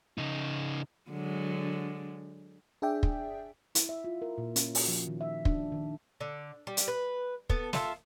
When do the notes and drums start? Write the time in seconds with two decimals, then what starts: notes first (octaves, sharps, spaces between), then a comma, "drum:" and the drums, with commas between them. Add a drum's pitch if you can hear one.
0.18 C#3 D#4
1.10 D3 F#3 G#3
2.82 D4 G#4 D5 E5 G5
3.03 drum: kick
3.75 E4, drum: hi-hat
3.89 E5
4.04 F4
4.22 A#4
4.38 A#2
4.56 C#4, drum: hi-hat
4.75 F#4, drum: open hi-hat
4.88 F3
5.07 D#3
5.21 E5
5.45 D4, drum: kick
5.72 D#3
6.21 D3
6.67 G3
6.77 drum: hi-hat
6.88 B4
7.50 B3 A4, drum: kick
7.73 F4 A4 E5, drum: snare